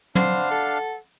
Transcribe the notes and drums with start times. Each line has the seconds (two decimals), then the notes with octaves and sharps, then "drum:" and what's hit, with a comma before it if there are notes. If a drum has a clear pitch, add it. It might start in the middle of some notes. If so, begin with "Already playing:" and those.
0.15 B3 D4 F#4 C5 F5 B5, drum: tom
0.51 A4